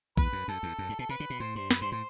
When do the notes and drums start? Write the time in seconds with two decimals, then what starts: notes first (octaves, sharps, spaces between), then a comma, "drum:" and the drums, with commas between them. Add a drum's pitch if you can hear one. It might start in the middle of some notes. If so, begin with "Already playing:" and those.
0.17 E2 B4, drum: kick A#1
0.33 F#2
0.48 F#2 A4
0.63 E2
0.78 F#2
0.89 G2
0.99 B2 A4
1.09 C3 B4
1.20 D3
1.30 B2
1.40 A2 C5
1.55 G2 C5
1.71 F#2 B4, drum: snare
1.81 G2 C5
1.92 A2 C5